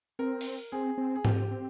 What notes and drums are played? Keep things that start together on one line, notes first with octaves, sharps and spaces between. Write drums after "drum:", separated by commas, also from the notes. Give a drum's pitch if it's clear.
C4 A#4
drum: open hi-hat
C4 G#4
C4
G#4
C4 G4, drum: tom G#2
C4